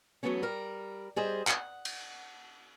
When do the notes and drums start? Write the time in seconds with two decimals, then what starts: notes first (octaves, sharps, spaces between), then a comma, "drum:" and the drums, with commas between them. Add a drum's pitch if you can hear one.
0.23 E2 C#3 F#3 A3 B3 C#4
0.42 G3 A#4
1.16 G3 G#4 C5 D#5
1.47 F#5, drum: clap
1.85 drum: cymbal